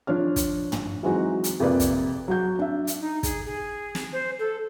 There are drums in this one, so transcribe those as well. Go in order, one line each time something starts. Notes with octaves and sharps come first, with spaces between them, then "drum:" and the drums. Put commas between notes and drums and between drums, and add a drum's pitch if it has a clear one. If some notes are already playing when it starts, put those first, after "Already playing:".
F3 D4 C#5 F6
drum: kick, hi-hat
drum: tom
E3 F#3 G#3 C4 D#4 F#4
drum: hi-hat
F2 C3 A#3 B4 D5 F5
drum: kick, hi-hat
F#3 F#4 G6
D4 E5
drum: hi-hat
D#4
G#4, drum: kick, hi-hat
G#4
drum: snare
C5
A4